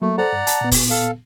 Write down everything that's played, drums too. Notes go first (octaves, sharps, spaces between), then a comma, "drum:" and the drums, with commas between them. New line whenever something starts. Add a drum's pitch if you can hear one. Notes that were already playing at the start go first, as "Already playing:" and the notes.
F#3 A3 A#3
A4 C5 D5 F#5 A#5
G2
A5, drum: hi-hat
A#2 B3
drum: kick F1, open hi-hat
A4 F5